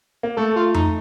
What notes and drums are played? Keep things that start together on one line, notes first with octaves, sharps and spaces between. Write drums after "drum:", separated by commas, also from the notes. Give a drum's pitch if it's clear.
A#3
A3 A4
F4
D#4, drum: tom F2